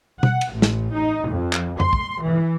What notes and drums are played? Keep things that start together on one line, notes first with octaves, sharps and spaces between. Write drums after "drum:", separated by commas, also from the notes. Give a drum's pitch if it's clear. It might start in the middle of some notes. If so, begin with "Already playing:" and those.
F#5, drum: tom B2
drum: cymbal
A1
drum: snare
D#4
F2
drum: clap
C6, drum: tom F2
drum: kick
E3